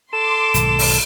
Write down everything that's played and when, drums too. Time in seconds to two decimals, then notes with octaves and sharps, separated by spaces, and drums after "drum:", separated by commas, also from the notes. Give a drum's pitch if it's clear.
0.13 A4 C6 D6 E7
0.54 B1 G#2 D#3, drum: hi-hat
0.79 drum: open hi-hat